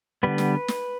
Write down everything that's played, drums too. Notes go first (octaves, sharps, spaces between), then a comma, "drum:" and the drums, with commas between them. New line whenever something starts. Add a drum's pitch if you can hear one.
D3 G3 B3 B4
drum: snare
drum: snare